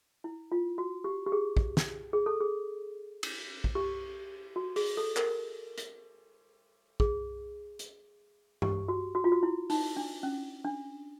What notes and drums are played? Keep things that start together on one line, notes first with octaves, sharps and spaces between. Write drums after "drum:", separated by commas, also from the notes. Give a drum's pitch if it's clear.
E4
F4
F#4
G4
G4
G#4
drum: kick
drum: snare
G#4
A4
G#4
drum: cymbal
drum: kick
G4
F#4
G#4, drum: open hi-hat
A4
A#4, drum: clap
drum: hi-hat
G#4, drum: kick
drum: hi-hat
G4, drum: tom G2
F#4
F#4
F4
F#4
E4
D#4, drum: open hi-hat
D4
C#4
D4